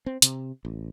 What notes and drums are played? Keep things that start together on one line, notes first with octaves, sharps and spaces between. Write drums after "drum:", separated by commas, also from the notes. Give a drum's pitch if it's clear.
C4
C3, drum: hi-hat
A1